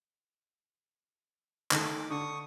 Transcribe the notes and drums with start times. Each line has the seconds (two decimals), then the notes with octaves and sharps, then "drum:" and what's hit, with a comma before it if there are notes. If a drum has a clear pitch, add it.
1.71 D#3 A3 D6, drum: clap
2.10 D3 C#6 D#6